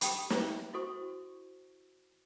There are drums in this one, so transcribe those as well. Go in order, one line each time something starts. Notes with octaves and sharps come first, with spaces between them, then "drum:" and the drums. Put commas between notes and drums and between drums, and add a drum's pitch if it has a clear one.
G4 A4 G5 A5 B5, drum: hi-hat
drum: snare
E4 F#4 A4 C5 C#6